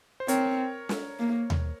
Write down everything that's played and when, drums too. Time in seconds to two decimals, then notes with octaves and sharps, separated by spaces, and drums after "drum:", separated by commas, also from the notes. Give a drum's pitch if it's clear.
0.20 C5
0.28 C4 A#4 C#5, drum: hi-hat
0.89 drum: snare
1.19 A#3
1.50 drum: tom D#2